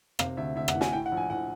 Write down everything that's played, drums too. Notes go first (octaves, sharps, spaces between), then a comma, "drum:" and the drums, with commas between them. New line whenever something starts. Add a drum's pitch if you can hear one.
C3 F5, drum: rim click
D2 E5
D2 E5
F#5, drum: rim click
E3
G#5, drum: snare
A2 G5
F#5
A#1
G#5
A#1 F#5